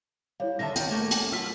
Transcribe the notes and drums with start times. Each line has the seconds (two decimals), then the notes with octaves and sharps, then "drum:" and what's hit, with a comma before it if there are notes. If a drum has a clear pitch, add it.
0.40 G3 E4 C#5 F5
0.59 D3 D#3 E5 A5 A#6
0.76 D#3 G5, drum: hi-hat
0.89 A3 A#3 G#4
1.11 drum: hi-hat
1.32 F#3 F4 E6 F6 B6